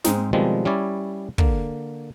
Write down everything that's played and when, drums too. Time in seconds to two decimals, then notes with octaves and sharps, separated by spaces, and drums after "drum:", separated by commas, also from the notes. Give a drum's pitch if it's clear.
0.04 G#2 G#3 C4 D#4, drum: snare
0.33 B2 D#3 F3 G3 G#3 C4
0.65 G3 C#4 E4 C#5 D5
1.38 D3 A#3, drum: kick